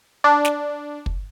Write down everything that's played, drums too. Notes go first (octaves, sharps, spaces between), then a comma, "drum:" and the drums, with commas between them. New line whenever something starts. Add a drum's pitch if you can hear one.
D4
drum: snare
drum: kick